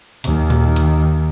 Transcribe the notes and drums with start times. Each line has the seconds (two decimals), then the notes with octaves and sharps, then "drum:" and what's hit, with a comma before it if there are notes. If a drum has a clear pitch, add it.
0.24 D#2 D#3, drum: hi-hat
0.50 drum: tom A#2
0.76 drum: hi-hat